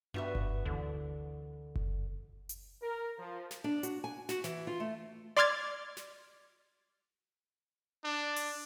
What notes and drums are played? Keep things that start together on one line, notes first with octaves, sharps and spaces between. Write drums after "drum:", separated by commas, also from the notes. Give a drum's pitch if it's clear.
G2 B3 F#4 E5
drum: kick F#1
D2 D3 E3
drum: kick F#1
drum: hi-hat
A#4
F3
drum: snare
D4
F#4, drum: hi-hat
G#5
F#4, drum: snare
E3, drum: snare
F4
A3
D5 C6 D6 F6 G#6 A6
drum: snare
D4
drum: open hi-hat